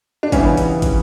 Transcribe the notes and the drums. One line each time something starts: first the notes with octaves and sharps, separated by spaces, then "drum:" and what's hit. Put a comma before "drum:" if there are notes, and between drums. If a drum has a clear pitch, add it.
D4
C#3 E3 G3 B3 C#4 D#4, drum: kick, hi-hat
drum: hi-hat
drum: kick, hi-hat